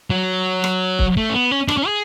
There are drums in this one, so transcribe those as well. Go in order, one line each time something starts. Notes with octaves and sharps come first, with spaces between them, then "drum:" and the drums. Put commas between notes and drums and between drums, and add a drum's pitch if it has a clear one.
F#3
drum: rim click
drum: kick
A3
C#4
B3
C#4
D4, drum: rim click
C#4
G#4